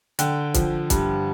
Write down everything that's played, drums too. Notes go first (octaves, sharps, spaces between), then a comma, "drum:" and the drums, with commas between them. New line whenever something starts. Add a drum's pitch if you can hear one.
D3 G5, drum: hi-hat
F3, drum: kick, hi-hat
G2, drum: kick, hi-hat